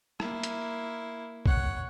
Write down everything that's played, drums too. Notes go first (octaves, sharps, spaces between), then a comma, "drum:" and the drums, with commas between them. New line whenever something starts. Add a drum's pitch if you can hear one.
A#3 E4, drum: rim click
drum: hi-hat
C#5 F#5, drum: kick B1